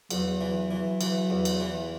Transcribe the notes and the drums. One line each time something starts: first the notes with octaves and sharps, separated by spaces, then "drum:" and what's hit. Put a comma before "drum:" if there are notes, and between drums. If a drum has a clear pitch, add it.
E2 F#3, drum: cymbal
E3
E3
E3, drum: cymbal
E2
drum: cymbal
E3